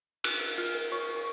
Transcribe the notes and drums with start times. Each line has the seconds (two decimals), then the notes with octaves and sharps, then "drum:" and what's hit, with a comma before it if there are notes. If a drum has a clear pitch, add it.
0.24 A#4 F#6, drum: cymbal
0.41 A#4
0.58 F4 F6
0.75 A#4
0.92 C#5 C#6
1.09 A#4
1.16 C#6